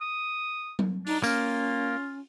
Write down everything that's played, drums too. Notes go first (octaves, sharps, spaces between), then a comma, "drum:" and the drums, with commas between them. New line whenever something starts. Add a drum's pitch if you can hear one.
D#6
drum: tom F#3
D4 D#4, drum: open hi-hat
A#3 C#4 F4, drum: tambourine